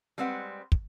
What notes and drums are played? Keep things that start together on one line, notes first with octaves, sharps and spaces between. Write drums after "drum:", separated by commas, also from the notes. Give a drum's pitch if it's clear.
G3 G#3 C4 B4 F#5
drum: kick